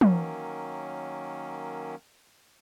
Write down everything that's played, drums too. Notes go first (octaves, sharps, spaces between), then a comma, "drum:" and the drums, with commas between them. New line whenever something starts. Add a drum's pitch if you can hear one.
D#3 F#3 A#3 C#4, drum: tom